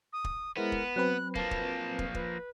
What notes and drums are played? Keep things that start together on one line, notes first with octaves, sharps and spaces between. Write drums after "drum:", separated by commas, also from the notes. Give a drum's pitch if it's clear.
D#6
drum: kick
G#3 B3 E4 A#4 C5
drum: kick
F#3 C4 B4 F#6
F3 A#3 A5, drum: kick
drum: kick
drum: kick
B4, drum: kick